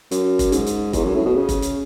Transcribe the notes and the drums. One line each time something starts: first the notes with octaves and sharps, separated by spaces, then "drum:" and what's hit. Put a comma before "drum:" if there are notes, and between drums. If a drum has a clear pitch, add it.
F#2, drum: hi-hat
drum: kick F1, hi-hat
G#2, drum: hi-hat
drum: hi-hat
E2, drum: kick F1, hi-hat
F#2
A2
B2
C#3
drum: kick F1, hi-hat
drum: hi-hat